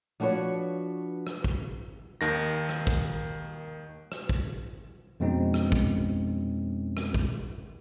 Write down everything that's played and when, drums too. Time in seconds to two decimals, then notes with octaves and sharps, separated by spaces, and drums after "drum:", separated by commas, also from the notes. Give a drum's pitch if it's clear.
0.20 F3 D4 F#4 B4 C#5
1.27 drum: rim click
1.44 drum: kick
2.21 D#2 D#3 A#6
2.69 drum: rim click
2.87 drum: kick
4.12 drum: rim click
4.29 drum: kick
5.20 F2 B2 G#3 C4 C#4 D#4
5.54 drum: rim click
5.72 drum: kick
6.97 drum: rim click
7.14 drum: kick